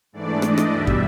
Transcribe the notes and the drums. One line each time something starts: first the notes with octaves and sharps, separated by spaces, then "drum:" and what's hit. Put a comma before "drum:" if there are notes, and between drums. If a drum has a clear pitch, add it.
G#2 E3 A3 D4 D5
D#5, drum: rim click
drum: rim click
E2 B2 G3 E5
drum: kick